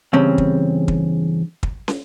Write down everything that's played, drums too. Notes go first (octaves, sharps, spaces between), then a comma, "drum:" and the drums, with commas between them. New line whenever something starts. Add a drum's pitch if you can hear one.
E2 G2 C#3 C4 C#4
drum: kick
drum: kick
drum: kick
drum: snare